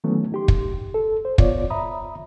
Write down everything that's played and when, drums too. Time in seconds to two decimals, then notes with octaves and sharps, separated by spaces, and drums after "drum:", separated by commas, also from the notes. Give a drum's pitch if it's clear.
0.04 D#3 E3 F#3 A3 B3 C#4
0.32 D#4 G4 C6
0.48 drum: kick
0.94 A4
1.25 C5
1.38 B3 F4 C#5 D5, drum: kick
1.70 E5 A#5 B5 D#6